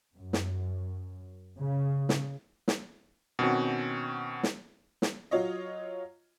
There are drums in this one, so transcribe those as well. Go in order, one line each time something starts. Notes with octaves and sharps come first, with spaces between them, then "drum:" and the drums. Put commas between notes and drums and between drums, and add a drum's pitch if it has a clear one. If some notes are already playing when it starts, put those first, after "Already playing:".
F#2
drum: snare
C#3
drum: snare
drum: snare
B2 D#3 C4 C#4 F#4
drum: snare
drum: snare
F#3 F4 C#5 D#5